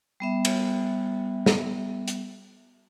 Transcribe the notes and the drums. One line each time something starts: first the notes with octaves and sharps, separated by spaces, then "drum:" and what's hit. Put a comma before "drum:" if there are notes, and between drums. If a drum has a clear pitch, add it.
G3 B3 E5
drum: cymbal
drum: snare
drum: hi-hat